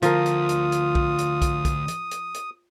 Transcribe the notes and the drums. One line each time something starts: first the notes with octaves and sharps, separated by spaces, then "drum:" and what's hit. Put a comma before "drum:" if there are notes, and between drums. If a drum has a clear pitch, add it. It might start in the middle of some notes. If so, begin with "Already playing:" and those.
D2 F3 F4 A#4 D#6, drum: hi-hat
drum: hi-hat
drum: hi-hat
drum: hi-hat
drum: kick B1
drum: hi-hat
drum: kick B1, hi-hat
drum: kick B1, hi-hat
drum: hi-hat
drum: hi-hat
drum: hi-hat